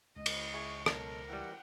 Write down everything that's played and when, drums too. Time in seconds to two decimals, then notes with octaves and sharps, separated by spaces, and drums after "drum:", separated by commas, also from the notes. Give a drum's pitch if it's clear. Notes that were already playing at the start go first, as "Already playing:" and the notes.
0.16 C#2 D#5
0.26 drum: cymbal
0.53 E4 G#4 G#5 C#6
0.86 B1 A4 A#4, drum: rim click
1.29 E3 G3 F#5 G5